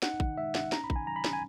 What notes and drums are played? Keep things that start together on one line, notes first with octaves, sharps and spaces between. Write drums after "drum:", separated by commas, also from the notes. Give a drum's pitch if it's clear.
D#4 F#5, drum: snare
D#3, drum: kick A1
G#3 E5
D#4 F#5, drum: snare
C#4 A#5, drum: snare
B5
D#3, drum: kick A1
G#5
F#3 A#5
B5
C#4 A#5, drum: snare
G#5